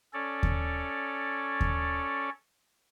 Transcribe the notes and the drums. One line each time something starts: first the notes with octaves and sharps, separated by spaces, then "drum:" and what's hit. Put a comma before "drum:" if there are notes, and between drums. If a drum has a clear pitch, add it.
C#4 A4 C#5 D5
drum: kick D#2
drum: kick D#2